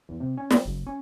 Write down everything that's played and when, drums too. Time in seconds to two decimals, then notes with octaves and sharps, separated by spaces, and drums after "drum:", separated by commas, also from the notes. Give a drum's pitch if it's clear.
0.09 E2
0.20 C3
0.37 C#4
0.50 G3, drum: snare
0.65 F#1
0.87 C#4